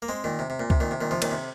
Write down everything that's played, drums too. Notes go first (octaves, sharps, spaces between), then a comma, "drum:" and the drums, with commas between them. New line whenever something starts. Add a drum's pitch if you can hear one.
A#3
G#3 C4
A#2 D#3
C3
C3
A#2
C3, drum: kick C#2
A#2 D#3
C3
A#2 D#3
C3 F3
A#2 D#3, drum: cymbal
C3